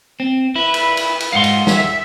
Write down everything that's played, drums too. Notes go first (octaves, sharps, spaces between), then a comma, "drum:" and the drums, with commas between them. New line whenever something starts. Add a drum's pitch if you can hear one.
C4
E4 B4
drum: cymbal
drum: cymbal
drum: cymbal
G#2 F5 F#5 C6
drum: cymbal
E5, drum: snare